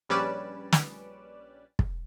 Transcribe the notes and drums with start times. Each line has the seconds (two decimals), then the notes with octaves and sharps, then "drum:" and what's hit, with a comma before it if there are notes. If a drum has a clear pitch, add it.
0.09 A#1 G3 C#4 B4 D5 E7
0.72 drum: snare
1.79 drum: kick